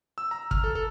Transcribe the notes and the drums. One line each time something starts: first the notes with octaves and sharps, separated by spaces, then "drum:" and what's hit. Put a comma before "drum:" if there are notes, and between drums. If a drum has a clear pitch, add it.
E6
A#5
F6, drum: kick
A4
A4